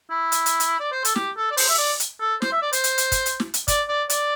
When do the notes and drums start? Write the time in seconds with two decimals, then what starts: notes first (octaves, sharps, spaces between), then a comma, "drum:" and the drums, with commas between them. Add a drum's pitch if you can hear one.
0.10 E4
0.32 drum: hi-hat
0.46 drum: hi-hat
0.60 drum: hi-hat
0.80 D5
0.92 C5
1.05 A4, drum: hi-hat
1.16 G4, drum: snare
1.37 A4
1.51 D5
1.57 C5, drum: open hi-hat
1.69 E5
1.78 D5
2.00 drum: hi-hat
2.20 A4
2.42 C5, drum: snare
2.52 E5
2.62 D5
2.73 C5, drum: hi-hat
2.84 drum: hi-hat
2.98 drum: hi-hat
3.12 drum: kick, hi-hat
3.26 drum: hi-hat
3.40 drum: snare
3.54 drum: hi-hat
3.68 D5, drum: kick, hi-hat
3.89 D5
4.10 D5, drum: hi-hat